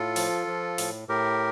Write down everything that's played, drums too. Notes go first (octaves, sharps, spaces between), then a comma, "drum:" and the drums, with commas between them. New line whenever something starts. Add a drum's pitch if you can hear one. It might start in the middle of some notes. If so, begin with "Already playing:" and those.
Already playing: A2 F4 A4
F3, drum: open hi-hat
F3
A2, drum: open hi-hat
A2 G4 A#4